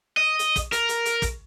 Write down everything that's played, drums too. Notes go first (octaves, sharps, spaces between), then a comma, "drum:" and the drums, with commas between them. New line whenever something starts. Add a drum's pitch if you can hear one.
D#5
drum: hi-hat
drum: kick, hi-hat
A#4, drum: hi-hat
drum: hi-hat
drum: hi-hat
drum: kick, hi-hat